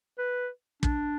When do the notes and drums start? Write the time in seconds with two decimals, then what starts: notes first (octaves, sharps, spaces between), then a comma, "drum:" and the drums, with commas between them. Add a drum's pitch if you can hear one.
0.19 B4
0.83 D4, drum: kick